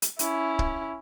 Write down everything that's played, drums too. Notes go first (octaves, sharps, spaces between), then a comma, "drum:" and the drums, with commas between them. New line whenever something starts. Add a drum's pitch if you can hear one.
drum: hi-hat
C#4 E4, drum: hi-hat
drum: kick